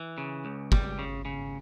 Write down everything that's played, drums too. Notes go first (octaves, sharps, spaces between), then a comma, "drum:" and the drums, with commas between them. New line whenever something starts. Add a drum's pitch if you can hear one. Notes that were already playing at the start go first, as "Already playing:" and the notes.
Already playing: E3
C#3
C#2
G3, drum: kick
C#3
C#3